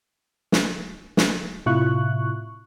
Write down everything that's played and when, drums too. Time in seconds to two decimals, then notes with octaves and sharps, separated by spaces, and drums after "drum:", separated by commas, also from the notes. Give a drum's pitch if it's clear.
0.52 drum: snare
1.17 drum: snare
1.66 A2 C3 E4 F4 C#6 F#6